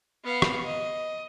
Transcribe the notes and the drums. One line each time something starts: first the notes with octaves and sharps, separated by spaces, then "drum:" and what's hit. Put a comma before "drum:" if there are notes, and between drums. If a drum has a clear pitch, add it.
B3 F5
drum: rim click
D#5